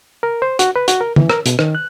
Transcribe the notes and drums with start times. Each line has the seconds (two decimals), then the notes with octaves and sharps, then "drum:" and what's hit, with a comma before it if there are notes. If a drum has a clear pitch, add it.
0.23 A#4
0.42 C5
0.59 F#4, drum: hi-hat
0.76 B4
0.88 F#4, drum: hi-hat
1.01 A#4
1.16 E3, drum: tom
1.30 A#4, drum: rim click
1.46 B2, drum: hi-hat
1.59 D#3, drum: rim click
1.75 F#6